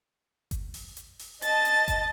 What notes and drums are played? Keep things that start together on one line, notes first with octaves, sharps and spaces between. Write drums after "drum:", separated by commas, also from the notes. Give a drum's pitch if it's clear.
drum: kick G1, hi-hat
drum: open hi-hat
drum: hi-hat
drum: open hi-hat
D#5 A5 A6, drum: hi-hat
drum: hi-hat
drum: kick G1, hi-hat